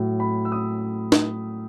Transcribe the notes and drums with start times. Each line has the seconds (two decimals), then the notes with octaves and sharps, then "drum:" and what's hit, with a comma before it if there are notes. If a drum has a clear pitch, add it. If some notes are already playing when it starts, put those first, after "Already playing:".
Already playing: A2 F#3
0.20 B5
0.45 E6
0.52 D#6
1.12 drum: snare